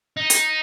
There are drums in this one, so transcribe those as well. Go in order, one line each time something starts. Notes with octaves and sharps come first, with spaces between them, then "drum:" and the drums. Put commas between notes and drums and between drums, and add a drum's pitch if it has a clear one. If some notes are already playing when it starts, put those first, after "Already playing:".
D#4
drum: hi-hat